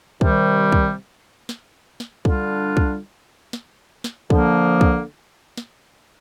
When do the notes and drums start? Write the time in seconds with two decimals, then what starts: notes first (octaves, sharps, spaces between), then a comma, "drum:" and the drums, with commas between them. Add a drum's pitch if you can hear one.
0.21 C3 D#3 G3, drum: kick
0.72 drum: kick
1.49 drum: snare
2.00 drum: snare
2.25 D3 G3 D4 F4, drum: kick
2.77 drum: kick
3.53 drum: snare
4.04 drum: snare
4.30 D3 F3 A#3, drum: kick
4.81 drum: kick
5.57 drum: snare